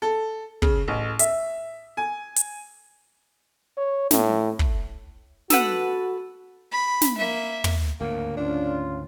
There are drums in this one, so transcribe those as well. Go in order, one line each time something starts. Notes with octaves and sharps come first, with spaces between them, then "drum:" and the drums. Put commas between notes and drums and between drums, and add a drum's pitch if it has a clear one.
A4
C#3, drum: kick
A1
E5, drum: hi-hat
G#5
drum: hi-hat
C#5
A2, drum: snare
drum: kick
F#4 A4 B4 F#5, drum: snare
B5
drum: snare
A#3 E5
drum: tom
D2 G#2 C#3 A#3
C#4 D4 F4